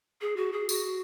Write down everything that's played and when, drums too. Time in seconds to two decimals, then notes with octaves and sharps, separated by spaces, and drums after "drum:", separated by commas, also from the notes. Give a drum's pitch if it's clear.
0.21 G#4
0.36 F#4
0.52 G#4
0.69 F#4, drum: tambourine